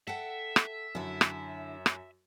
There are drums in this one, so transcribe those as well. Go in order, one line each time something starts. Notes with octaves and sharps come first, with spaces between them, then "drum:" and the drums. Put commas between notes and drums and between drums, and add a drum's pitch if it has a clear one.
A4 E5 F#5 G5
drum: rim click
F#2 D3 E4
drum: rim click
drum: rim click